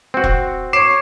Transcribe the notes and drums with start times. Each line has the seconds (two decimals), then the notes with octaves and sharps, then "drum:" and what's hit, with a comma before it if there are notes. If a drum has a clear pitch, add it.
0.14 C4 F#4
0.24 drum: kick E1
0.73 C#5 D6 C7 E7